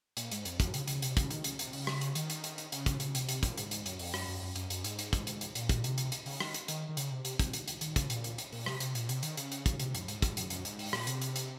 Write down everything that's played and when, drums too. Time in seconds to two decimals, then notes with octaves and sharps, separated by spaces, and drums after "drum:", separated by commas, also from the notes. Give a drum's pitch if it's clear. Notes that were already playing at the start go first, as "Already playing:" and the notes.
0.17 A#2, drum: hi-hat
0.31 G#2, drum: hi-hat
0.45 F2, drum: hi-hat
0.60 F#2, drum: kick, hi-hat
0.74 C#3, drum: hi-hat
0.88 C#3, drum: hi-hat
1.02 C3, drum: hi-hat
1.17 C#3, drum: kick, hi-hat
1.31 D#3, drum: hi-hat
1.44 C#3, drum: hi-hat
1.59 C3, drum: hi-hat
1.73 C#3, drum: open hi-hat
1.87 drum: rim click
2.01 drum: hi-hat
2.15 D#3, drum: hi-hat
2.30 drum: hi-hat
2.44 drum: hi-hat
2.58 drum: hi-hat
2.72 C#3, drum: hi-hat
2.86 drum: kick, hi-hat
3.00 C#3, drum: hi-hat
3.15 C3, drum: hi-hat
3.29 C3, drum: hi-hat
3.43 A#2, drum: kick, hi-hat
3.57 G#2, drum: hi-hat
3.71 drum: hi-hat
3.86 F#2, drum: hi-hat
3.99 F2, drum: open hi-hat
4.14 F#2, drum: rim click
4.28 F#2
4.42 F#2
4.56 F#2, drum: hi-hat
4.70 F#2, drum: hi-hat
4.84 G#2, drum: hi-hat
4.99 drum: hi-hat
5.13 drum: kick, hi-hat
5.27 drum: hi-hat
5.41 drum: hi-hat
5.55 A#2, drum: hi-hat
5.69 drum: kick, hi-hat
5.84 C3, drum: hi-hat
5.98 drum: hi-hat
6.12 drum: hi-hat
6.26 C#3, drum: open hi-hat
6.40 D#3, drum: rim click
6.54 drum: hi-hat
6.68 D#3, drum: hi-hat
6.89 D#3
6.97 C#3, drum: hi-hat
7.11 C3
7.25 C3, drum: hi-hat
7.39 C3, drum: kick, hi-hat
7.53 drum: hi-hat
7.68 drum: hi-hat
7.81 D#3, drum: hi-hat
7.96 C#3, drum: kick, hi-hat
8.10 A#2, drum: hi-hat
8.24 drum: hi-hat
8.38 drum: hi-hat
8.52 A#2, drum: open hi-hat
8.66 C3, drum: rim click
8.80 C3, drum: hi-hat
8.95 A#2, drum: hi-hat
9.09 C3, drum: hi-hat
9.23 D#3, drum: hi-hat
9.37 C#3, drum: hi-hat
9.52 drum: hi-hat
9.66 drum: kick, hi-hat
9.80 C3, drum: hi-hat
9.95 F#2, drum: hi-hat
10.08 G#2, drum: hi-hat
10.22 drum: kick, hi-hat
10.37 F#2, drum: hi-hat
10.50 F#2, drum: hi-hat
10.65 G#2, drum: hi-hat
10.79 drum: open hi-hat
10.93 A#2, drum: rim click
11.07 C3, drum: hi-hat
11.21 drum: hi-hat
11.36 drum: hi-hat